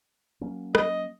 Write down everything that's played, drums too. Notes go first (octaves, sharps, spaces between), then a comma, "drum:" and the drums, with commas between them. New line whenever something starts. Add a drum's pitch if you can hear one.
F#3 A#3 C#4
D#5, drum: rim click